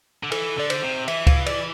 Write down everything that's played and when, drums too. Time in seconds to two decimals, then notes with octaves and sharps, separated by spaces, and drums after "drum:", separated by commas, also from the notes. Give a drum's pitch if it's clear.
0.23 D3
0.32 E3 A4, drum: cymbal
0.58 D3 D5
0.70 C5, drum: cymbal
0.83 C3
1.08 E3 E5, drum: cymbal
1.27 F5, drum: kick C#2, cymbal
1.46 D5, drum: cymbal